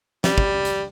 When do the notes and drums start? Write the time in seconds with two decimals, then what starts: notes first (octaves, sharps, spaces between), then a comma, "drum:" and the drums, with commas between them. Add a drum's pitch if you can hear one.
0.24 G3, drum: snare
0.38 drum: kick
0.65 drum: hi-hat